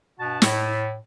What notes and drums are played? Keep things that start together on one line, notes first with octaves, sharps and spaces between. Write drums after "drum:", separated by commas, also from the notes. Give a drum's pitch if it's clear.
G2 B2 F#4 F#5 A5
A2, drum: snare